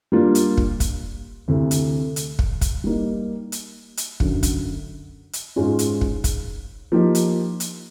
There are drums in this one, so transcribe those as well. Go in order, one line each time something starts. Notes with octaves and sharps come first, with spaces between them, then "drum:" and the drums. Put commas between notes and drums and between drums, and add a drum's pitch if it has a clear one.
G3 A#3 D4 F4
drum: hi-hat
drum: kick
drum: kick, hi-hat
D2 C3 E3 A3
drum: hi-hat
drum: hi-hat
drum: kick
drum: kick, hi-hat
G3 A#3 D#4
drum: hi-hat
drum: hi-hat
F#2 D3 F#3, drum: kick
drum: kick, hi-hat
drum: hi-hat
G#2 E3 G#3 C#4 F4
drum: hi-hat
drum: kick
drum: kick, hi-hat
F3 A#3 D#4 G4
drum: hi-hat
drum: hi-hat